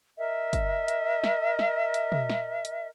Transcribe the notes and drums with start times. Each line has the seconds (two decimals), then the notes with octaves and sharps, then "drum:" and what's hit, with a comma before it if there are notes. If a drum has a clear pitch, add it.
0.18 A#4 D#5 E5
0.53 drum: kick, hi-hat
0.88 drum: hi-hat
1.24 drum: snare
1.59 drum: snare
1.94 drum: hi-hat
2.12 drum: tom
2.29 drum: snare
2.65 drum: hi-hat